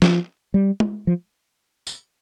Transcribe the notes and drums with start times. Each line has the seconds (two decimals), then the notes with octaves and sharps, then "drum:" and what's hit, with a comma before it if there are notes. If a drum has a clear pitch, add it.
0.02 F3, drum: snare
0.54 G3
0.80 drum: tom G#3
1.07 F3
1.87 drum: tambourine